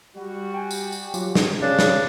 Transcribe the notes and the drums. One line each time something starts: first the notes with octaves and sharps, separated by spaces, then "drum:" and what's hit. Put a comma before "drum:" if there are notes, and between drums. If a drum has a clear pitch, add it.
G3 F#4
G5 G#5
drum: tambourine
drum: tambourine
F#3 F4 G4, drum: tambourine
drum: snare
C#3 D4 D5
drum: snare